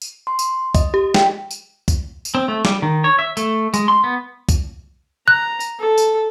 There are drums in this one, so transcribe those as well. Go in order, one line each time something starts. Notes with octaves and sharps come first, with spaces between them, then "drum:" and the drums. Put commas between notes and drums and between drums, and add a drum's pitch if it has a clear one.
drum: tambourine
C6
drum: tambourine
D#5, drum: kick C2, tambourine
G4
G5 B6, drum: snare
drum: tambourine
drum: kick C2, tambourine
drum: tambourine
C4
A3
G3, drum: snare
D#3
C#5
E5
A3, drum: tambourine
G#3, drum: tambourine
C6
B3
drum: kick C2, tambourine
A#5 F#6
drum: tambourine
A4
drum: tambourine